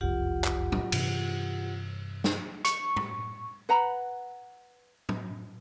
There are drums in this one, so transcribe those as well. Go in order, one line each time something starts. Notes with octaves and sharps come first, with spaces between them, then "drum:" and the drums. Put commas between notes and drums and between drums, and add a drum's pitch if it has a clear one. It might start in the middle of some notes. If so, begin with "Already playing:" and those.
F#1 C2 F2 F4 G4 F#5
drum: clap
drum: tom
G2 C3 E3, drum: cymbal
drum: snare
C#6, drum: hi-hat
drum: tom A2
B4 F#5 A#5 B5
drum: tom